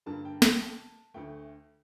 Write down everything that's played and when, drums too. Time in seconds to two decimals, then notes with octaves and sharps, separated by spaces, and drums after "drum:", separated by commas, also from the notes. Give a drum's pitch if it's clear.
0.06 G2 D3 G3 A#3 A5
0.25 G5
0.42 G5, drum: snare
0.61 A5
1.14 D2 D3 A3 G5